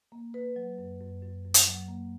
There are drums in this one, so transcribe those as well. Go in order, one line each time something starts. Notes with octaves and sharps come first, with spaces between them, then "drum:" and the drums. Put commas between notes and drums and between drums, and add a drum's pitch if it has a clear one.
A#3
A#3 B4
F#3
F#2
F#2
F#2
F#2
drum: hi-hat
F#3
A#3